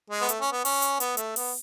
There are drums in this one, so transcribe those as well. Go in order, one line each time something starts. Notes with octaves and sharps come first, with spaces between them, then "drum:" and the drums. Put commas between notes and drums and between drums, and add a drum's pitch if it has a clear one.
G#3
B3
A3, drum: hi-hat
C#4
B3
C#4, drum: open hi-hat
drum: hi-hat
B3, drum: hi-hat
A3, drum: hi-hat
B3, drum: open hi-hat